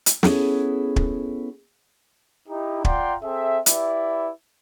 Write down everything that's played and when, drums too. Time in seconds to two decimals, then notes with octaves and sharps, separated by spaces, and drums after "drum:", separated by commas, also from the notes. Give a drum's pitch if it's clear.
0.06 drum: hi-hat
0.23 B3 C#4 E4 G#4 A4, drum: snare
0.96 drum: kick
2.49 D#4 E4 G4
2.85 F4 D5 F#5 G5 A#5 C6, drum: kick
3.23 C4 G#4 A4 E5
3.66 E4 G4 B4 D5 E5, drum: hi-hat